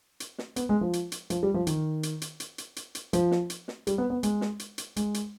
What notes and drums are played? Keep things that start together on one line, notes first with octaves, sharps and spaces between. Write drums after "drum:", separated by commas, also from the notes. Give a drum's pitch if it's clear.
drum: hi-hat
drum: snare
B3, drum: hi-hat
G#3
F3
drum: hi-hat
drum: hi-hat
F3, drum: hi-hat
G3
F3
D#3, drum: hi-hat
drum: hi-hat
drum: hi-hat
drum: hi-hat
drum: hi-hat
drum: hi-hat
drum: hi-hat
F3, drum: hi-hat
drum: snare
drum: hi-hat
drum: snare
G3, drum: hi-hat
B3
B3
G#3, drum: hi-hat
drum: snare
drum: hi-hat
drum: hi-hat
G#3, drum: hi-hat
drum: hi-hat